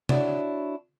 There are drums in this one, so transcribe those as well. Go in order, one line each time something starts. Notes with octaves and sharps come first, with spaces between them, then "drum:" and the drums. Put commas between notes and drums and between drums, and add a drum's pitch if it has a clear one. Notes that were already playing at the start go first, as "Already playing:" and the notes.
D4 E4 F#4 C#5, drum: tom C3